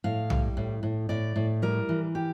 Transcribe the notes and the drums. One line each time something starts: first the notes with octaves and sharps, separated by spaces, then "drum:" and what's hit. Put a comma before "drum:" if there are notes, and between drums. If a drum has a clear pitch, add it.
A2 F5
G3, drum: tom B1
A2
A2
A2 D5
A2
G3 A#4
E3
G4